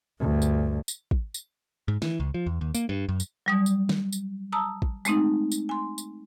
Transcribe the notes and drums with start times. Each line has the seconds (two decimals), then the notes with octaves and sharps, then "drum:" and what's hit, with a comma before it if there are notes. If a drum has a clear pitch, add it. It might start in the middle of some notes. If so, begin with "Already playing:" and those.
0.20 D2 G2
0.42 drum: tambourine
0.88 drum: tambourine
1.11 drum: kick
1.34 drum: tambourine
1.88 G#2
2.02 E3, drum: snare
2.20 C#2
2.34 F3
2.46 E2
2.61 D#2
2.75 A#3, drum: tambourine
2.89 G2
3.09 F#2
3.20 drum: tambourine
3.46 F#3 G3 D#6
3.66 drum: tambourine
3.89 drum: snare
4.12 drum: tambourine
4.52 A5 A#5 D#6 E6
4.82 drum: kick
5.05 G#3 A3 C4 D#4, drum: tambourine
5.52 drum: tambourine
5.69 G#5 C6
5.98 drum: tambourine